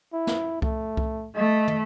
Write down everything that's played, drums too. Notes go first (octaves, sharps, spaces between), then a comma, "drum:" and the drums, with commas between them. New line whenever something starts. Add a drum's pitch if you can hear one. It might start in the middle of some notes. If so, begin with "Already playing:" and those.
E4
drum: snare
A3, drum: kick C2
drum: kick C2
A3 D#5
drum: tom